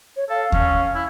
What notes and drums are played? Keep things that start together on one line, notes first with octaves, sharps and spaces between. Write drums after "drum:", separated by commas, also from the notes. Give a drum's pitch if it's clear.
C#5
A4 F5
C#4, drum: kick D#2
E4